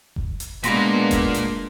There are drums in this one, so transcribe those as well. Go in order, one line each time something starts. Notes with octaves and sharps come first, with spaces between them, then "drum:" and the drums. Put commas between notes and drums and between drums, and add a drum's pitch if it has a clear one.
drum: kick F1
drum: hi-hat
A#2 G#3 A#3 B3 D4 C6 A#6 B6, drum: hi-hat
drum: kick F1, hi-hat
drum: hi-hat